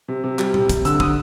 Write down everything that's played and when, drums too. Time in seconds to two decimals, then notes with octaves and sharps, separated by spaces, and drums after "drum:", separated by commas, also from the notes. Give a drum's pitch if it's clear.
0.08 C3
0.24 C3
0.39 G3, drum: clap
0.54 C3, drum: tom A#2
0.69 C3, drum: kick, hi-hat
0.85 D3 E6, drum: hi-hat
1.00 D3 D#6, drum: kick